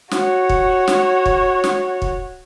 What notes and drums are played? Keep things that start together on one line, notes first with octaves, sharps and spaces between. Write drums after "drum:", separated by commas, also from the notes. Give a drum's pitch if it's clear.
F#4 C#5, drum: snare
drum: kick
drum: snare
drum: kick
drum: snare
drum: kick